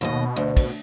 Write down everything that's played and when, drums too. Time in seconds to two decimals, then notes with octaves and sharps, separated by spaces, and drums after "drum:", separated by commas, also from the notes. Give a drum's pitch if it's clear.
0.01 D#2 B2 A4 D#5
0.36 D2
0.57 drum: kick, cymbal